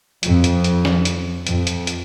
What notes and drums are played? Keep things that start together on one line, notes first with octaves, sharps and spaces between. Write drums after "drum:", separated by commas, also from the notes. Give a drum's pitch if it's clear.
F2, drum: hi-hat
drum: hi-hat
drum: hi-hat
drum: snare
drum: hi-hat
F2, drum: hi-hat
drum: hi-hat
drum: hi-hat